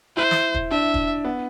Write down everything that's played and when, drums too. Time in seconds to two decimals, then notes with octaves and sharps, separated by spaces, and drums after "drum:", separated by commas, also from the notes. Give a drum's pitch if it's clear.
0.17 E4 C5
0.31 drum: snare
0.54 drum: kick
0.71 D4 E5
0.94 drum: kick
1.25 B3